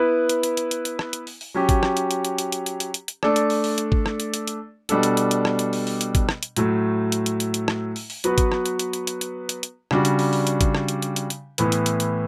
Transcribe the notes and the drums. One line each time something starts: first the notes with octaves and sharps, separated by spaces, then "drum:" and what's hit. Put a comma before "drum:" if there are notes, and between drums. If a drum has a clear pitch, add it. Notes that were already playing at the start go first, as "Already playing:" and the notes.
Already playing: B3 E4 B4
drum: hi-hat
drum: hi-hat
drum: hi-hat
drum: hi-hat
drum: hi-hat
drum: rim click
drum: hi-hat
drum: open hi-hat
drum: open hi-hat
F#3 C#4 G4
drum: kick, hi-hat
drum: rim click
drum: hi-hat
drum: hi-hat
drum: hi-hat
drum: hi-hat
drum: hi-hat
drum: hi-hat
drum: hi-hat
drum: hi-hat
drum: hi-hat
A3 D4 A4 D5, drum: rim click
drum: hi-hat
drum: open hi-hat
drum: open hi-hat
drum: hi-hat
drum: kick
drum: rim click
drum: hi-hat
drum: hi-hat
drum: hi-hat
B2 G3 D4 A4, drum: hi-hat
drum: hi-hat
drum: hi-hat
drum: hi-hat
drum: rim click
drum: hi-hat
drum: open hi-hat
drum: open hi-hat
drum: hi-hat
drum: kick, hi-hat
drum: rim click
drum: hi-hat
A2 F#3 A3, drum: hi-hat
drum: hi-hat
drum: hi-hat
drum: hi-hat
drum: hi-hat
drum: rim click
drum: open hi-hat
drum: open hi-hat
F#3 B3 F#4 B4, drum: hi-hat
drum: kick, hi-hat
drum: rim click
drum: hi-hat
drum: hi-hat
drum: hi-hat
drum: hi-hat
drum: hi-hat
drum: hi-hat
drum: hi-hat
C#3 G3 D4 F#4, drum: rim click
drum: hi-hat
drum: open hi-hat
drum: open hi-hat
drum: hi-hat
drum: kick, hi-hat
drum: rim click
drum: hi-hat
drum: hi-hat
drum: hi-hat
drum: hi-hat
A2 E3 B3, drum: hi-hat
drum: hi-hat
drum: hi-hat
drum: hi-hat